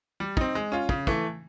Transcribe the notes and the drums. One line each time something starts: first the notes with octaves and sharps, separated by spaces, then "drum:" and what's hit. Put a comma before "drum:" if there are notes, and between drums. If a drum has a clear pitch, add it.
G3
C4 D#4, drum: kick
G#3
C#4 F4
C#3, drum: kick
E3 A3, drum: kick